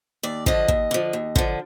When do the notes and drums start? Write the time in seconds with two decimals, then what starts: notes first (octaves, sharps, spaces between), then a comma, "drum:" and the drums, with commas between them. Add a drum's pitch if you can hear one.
0.23 D#2 D5
0.46 D3 F3 D#5, drum: kick
0.68 D#2, drum: kick
0.91 D3 F3
1.13 D#2
1.36 D3 F3, drum: kick